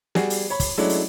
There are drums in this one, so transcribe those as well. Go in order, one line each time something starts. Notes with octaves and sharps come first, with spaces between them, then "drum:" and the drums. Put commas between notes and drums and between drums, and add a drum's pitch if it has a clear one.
G3 F#4 G#4, drum: snare
drum: open hi-hat
C#5 B5
drum: kick, open hi-hat
F#3 G#3 A3 C#4 D4 E4
drum: open hi-hat